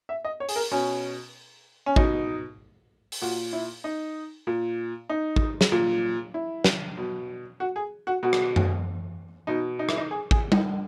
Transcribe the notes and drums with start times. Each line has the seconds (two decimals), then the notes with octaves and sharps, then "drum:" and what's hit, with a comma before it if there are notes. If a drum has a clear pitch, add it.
0.09 E5
0.25 D#5
0.40 C#5
0.49 G#4, drum: open hi-hat
0.56 A#4
0.72 B2 C#4
1.86 C#4
1.96 B2 D#4, drum: kick
3.12 drum: open hi-hat
3.21 A#2 F#4
3.53 E4
3.84 D#4
4.47 A#2
5.09 D#4
5.36 drum: kick
5.61 drum: snare
5.72 A#2
6.34 E4
6.64 drum: snare
6.97 B2
7.60 F#4
7.76 G#4
8.07 F#4
8.23 B2 F#4
8.33 drum: rim click
8.56 drum: tom F#2
9.47 B2 D#4
9.79 D#4
9.89 E4, drum: rim click
9.97 D#4
10.11 G#4
10.31 G#4, drum: kick
10.52 D#4, drum: tom G3